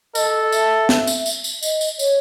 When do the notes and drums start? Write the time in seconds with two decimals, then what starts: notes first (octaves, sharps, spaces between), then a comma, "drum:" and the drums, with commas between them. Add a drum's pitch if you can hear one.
0.15 A4 D#5, drum: tambourine
0.52 E5, drum: tambourine
0.89 drum: snare
1.07 drum: tambourine
1.26 drum: tambourine
1.44 drum: tambourine
1.63 D#5, drum: tambourine
1.81 drum: tambourine
1.99 C#5, drum: tambourine